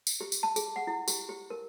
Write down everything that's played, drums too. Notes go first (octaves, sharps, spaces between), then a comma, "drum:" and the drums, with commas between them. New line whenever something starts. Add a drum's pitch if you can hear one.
drum: tambourine
G4
drum: tambourine
A5
G#4, drum: tambourine
F#5
E4
G4, drum: tambourine
G4
A#4